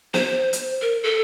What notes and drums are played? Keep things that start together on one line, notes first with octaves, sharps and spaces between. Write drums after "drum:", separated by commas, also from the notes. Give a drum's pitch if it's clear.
C5, drum: snare
drum: hi-hat
A#4
A4